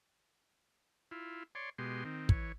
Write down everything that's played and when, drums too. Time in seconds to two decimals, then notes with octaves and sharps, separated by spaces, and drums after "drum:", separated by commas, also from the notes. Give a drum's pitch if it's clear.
1.11 E4 F4
1.55 C#5 D5 C6
1.78 B2 G#3 G4 C6
2.05 D#3 C4
2.29 E3 C#5, drum: kick